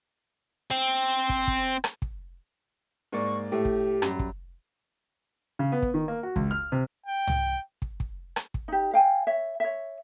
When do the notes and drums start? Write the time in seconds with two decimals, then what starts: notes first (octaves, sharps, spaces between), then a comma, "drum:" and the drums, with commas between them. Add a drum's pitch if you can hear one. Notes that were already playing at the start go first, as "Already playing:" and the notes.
0.71 C4
1.29 drum: kick
1.48 drum: kick
1.84 drum: rim click
2.02 drum: kick
3.12 G#2 A#3 D5 C#6
3.52 A2 A3 G4
3.65 drum: kick
4.02 F#2 G3, drum: rim click
4.19 drum: kick
5.59 C#3
5.72 B3
5.82 drum: kick
5.94 D#3
6.08 A#3
6.23 F#4
6.36 C#2, drum: kick
6.51 F6
6.72 C3
7.06 G5
7.27 drum: tom
7.82 drum: kick
8.00 drum: kick
8.36 drum: rim click
8.54 drum: kick
8.68 D#4 G4
8.93 F5 G5 G#5
9.27 C#5 E5
9.60 C#5 E5